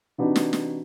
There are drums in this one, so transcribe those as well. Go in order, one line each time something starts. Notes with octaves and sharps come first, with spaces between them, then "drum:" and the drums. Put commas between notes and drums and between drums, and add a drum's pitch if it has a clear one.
C3 E3 D4 D#4 F#4 B4
drum: snare
drum: snare